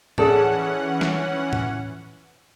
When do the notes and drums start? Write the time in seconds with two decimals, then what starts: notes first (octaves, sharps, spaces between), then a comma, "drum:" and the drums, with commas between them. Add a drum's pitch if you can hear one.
0.18 E3 C#4 G#4 A4 D5 F#5, drum: tom A2
1.01 drum: snare
1.53 drum: tom A2